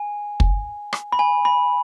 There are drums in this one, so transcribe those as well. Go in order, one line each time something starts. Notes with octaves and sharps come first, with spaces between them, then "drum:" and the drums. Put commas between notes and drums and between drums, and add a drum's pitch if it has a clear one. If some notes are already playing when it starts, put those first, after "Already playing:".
Already playing: G#5
drum: kick
drum: rim click
B5
G#5
B5